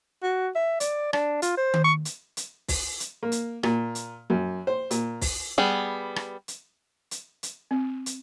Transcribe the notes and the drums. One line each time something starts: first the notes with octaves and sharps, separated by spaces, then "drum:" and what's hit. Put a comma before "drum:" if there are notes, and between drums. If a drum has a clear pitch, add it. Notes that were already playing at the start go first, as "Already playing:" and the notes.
F#4
E5
D5, drum: hi-hat
D4, drum: rim click
F4, drum: hi-hat
C5
drum: tom D#3
C#6
drum: hi-hat
drum: hi-hat
drum: kick, open hi-hat
drum: hi-hat
A#3
drum: hi-hat
A#2, drum: rim click
drum: hi-hat
F#2
C5
A#2, drum: hi-hat
drum: kick, open hi-hat
G3 B3 G#4
drum: rim click
drum: hi-hat
drum: hi-hat
drum: hi-hat
C4
drum: hi-hat